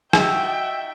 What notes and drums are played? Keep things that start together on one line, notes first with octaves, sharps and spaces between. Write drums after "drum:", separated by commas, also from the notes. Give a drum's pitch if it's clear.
D#4 F4 F#4 E5 G5 E6, drum: rim click